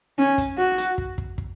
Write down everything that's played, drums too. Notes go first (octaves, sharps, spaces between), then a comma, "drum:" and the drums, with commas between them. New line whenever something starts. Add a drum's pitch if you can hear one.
C#4
drum: kick, hi-hat
F#4
drum: hi-hat
drum: kick
drum: kick
drum: kick